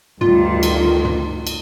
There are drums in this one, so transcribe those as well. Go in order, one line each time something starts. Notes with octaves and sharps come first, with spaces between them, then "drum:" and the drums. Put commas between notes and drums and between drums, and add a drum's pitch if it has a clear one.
D2 G2 D#3 F4, drum: tom
drum: cymbal
drum: tom
drum: cymbal